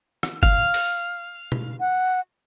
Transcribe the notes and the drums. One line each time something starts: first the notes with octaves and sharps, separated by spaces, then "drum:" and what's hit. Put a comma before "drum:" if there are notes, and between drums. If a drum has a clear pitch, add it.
drum: rim click
F5, drum: kick
drum: open hi-hat
drum: tom B2
F#5